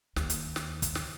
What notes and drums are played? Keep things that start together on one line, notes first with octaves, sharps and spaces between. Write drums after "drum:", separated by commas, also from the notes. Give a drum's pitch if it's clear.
D#2, drum: snare
drum: hi-hat
drum: snare
drum: kick, hi-hat
drum: snare